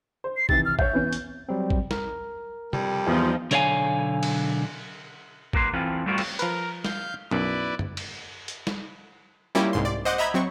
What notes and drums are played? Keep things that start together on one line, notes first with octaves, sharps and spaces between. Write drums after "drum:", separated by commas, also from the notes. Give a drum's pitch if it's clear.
C5
C7
C3 D#3 E3 A6, drum: kick
F6
C#5 E5 G6, drum: kick
E3 B3 C#4
drum: hi-hat
F#3 G3 C4
drum: kick
A#4, drum: snare
F2 G3, drum: tom C3
E2 F3 D#4
B1 D3 C#5 D5 F5 G#5, drum: hi-hat
drum: cymbal
D#2 A#3 B4 C6, drum: kick
E3 C4 F4 A4 B4
G3 A3 B3 C4 F4 F#4
drum: cymbal
F3 A#4 B4, drum: hi-hat
F5 G6, drum: snare
B1 F#2 E4 B4 D5
drum: tom F#2
drum: cymbal
drum: hi-hat
drum: snare
G3 A#3 C#4 E4 F4 G4
C2 G#2 C6
D5
C5 D#5 F#5 D6 G6
D#5 E5 A#5 B5 G6 G#6
F#3 C4 C#6